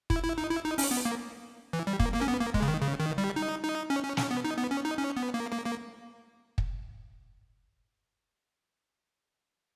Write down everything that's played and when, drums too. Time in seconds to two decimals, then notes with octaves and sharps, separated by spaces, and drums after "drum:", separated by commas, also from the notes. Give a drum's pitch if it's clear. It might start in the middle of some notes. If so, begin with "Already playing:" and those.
0.10 E4, drum: kick
0.23 E4
0.38 D#4
0.50 E4
0.65 D#4
0.78 C#4, drum: open hi-hat
0.91 B3
1.05 A#3
1.73 E3
1.87 G3
2.00 A#3, drum: kick
2.14 A#3
2.21 C#4
2.28 B3
2.40 A#3
2.54 G#3, drum: kick
2.62 C#3
2.68 D#3
2.82 C#3
3.00 D#3
3.18 G3
3.36 D#4
3.63 D#4
3.90 C#4
4.03 C#4
4.17 C#4, drum: snare
4.31 B3
4.44 D#4
4.58 B3
4.71 C#4
4.85 D#4
4.98 C#4
5.17 B3
5.34 A#3
5.52 A#3
5.66 A#3
6.58 drum: kick